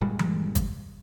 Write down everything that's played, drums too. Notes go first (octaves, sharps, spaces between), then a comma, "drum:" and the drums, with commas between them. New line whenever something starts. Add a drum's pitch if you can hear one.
G1 A#2 G3 G#3
drum: tom E3
drum: kick, hi-hat